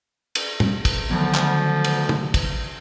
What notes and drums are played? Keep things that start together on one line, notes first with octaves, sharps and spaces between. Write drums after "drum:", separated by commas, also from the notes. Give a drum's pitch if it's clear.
drum: cymbal
drum: tom
drum: kick, cymbal
D2 D#3 F3 F#3 B3
drum: clap
drum: cymbal
drum: tom
drum: kick, cymbal